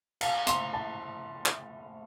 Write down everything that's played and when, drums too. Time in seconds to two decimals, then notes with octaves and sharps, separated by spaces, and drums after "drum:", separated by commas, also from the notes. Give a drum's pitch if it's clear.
0.21 F5, drum: cymbal
0.47 C6, drum: hi-hat
0.73 A5
1.46 drum: clap